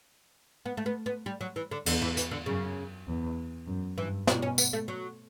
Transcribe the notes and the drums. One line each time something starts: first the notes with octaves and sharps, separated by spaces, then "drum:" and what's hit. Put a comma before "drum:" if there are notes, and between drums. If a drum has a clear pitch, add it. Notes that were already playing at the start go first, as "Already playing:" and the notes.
B3
A3
B3
B3
G3
F#3
E3
D3
E2 D3, drum: cymbal
E3
E3, drum: hi-hat
D3
F#2 C#3
E2
F#2
G2 E3
B2 B3, drum: snare
C#4
B3, drum: tambourine
A3
F#3